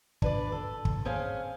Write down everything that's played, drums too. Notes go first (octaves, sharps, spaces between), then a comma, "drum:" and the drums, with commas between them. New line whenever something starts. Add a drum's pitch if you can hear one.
D4 B4 D5, drum: kick
A4
drum: kick
C4 C#4 G#4 F5